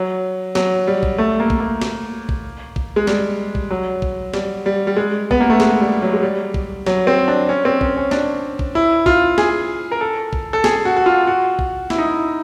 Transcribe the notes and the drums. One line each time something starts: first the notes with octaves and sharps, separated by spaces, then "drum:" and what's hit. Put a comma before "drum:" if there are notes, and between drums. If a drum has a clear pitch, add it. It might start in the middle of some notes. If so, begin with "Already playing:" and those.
Already playing: F#3
F#3, drum: snare
G3
drum: kick
A3
A#3
drum: kick
A#3
drum: snare
drum: kick
drum: kick
G#3
G3, drum: snare
drum: kick
F#3
drum: kick
G3, drum: snare
G3
G3
G#3
B3, drum: kick
A#3
A3
G#3, drum: snare
G3
F#3
G#3
G3
drum: kick
F#3, drum: snare
C4
D4
C#4
C4
C#4, drum: kick
C#4
D4, drum: snare
drum: kick
E4
F4, drum: kick
G#4, drum: snare
A#4
A4
drum: kick
A4
G#4, drum: snare
F#4
F#4
F4
F#4
drum: kick
E4, drum: snare
D#4
E4